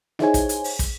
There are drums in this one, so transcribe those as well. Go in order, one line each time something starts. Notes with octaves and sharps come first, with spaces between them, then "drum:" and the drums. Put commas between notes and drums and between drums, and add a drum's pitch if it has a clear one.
D#4 E4 G#4 C5 C#5 G#5, drum: snare
drum: kick, hi-hat
drum: hi-hat
drum: open hi-hat
drum: kick, hi-hat